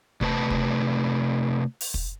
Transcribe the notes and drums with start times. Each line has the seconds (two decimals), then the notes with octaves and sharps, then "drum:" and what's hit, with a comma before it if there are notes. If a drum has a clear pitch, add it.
0.21 C3 A3 B4 C#5 A5, drum: kick
0.50 drum: kick
1.81 drum: open hi-hat
1.94 drum: kick